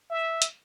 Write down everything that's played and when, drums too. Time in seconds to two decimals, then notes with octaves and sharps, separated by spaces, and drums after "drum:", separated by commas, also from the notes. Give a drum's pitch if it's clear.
0.10 E5
0.42 drum: hi-hat